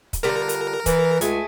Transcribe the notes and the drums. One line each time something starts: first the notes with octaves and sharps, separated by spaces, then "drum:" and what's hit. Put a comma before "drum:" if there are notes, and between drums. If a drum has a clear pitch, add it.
drum: kick, hi-hat
D3 G3 F4 A#4
drum: hi-hat
E3 B4, drum: kick, hi-hat
C#2 G#3 A3 G#5, drum: hi-hat